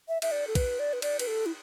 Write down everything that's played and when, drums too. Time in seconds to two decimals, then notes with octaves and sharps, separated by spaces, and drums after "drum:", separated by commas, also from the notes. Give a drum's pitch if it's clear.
0.08 E5
0.22 E5, drum: cymbal
0.31 D5
0.47 A4
0.55 B4, drum: kick, cymbal
0.79 D5
0.93 B4
1.02 D5, drum: cymbal
1.19 B4, drum: cymbal
1.27 A4
1.46 E4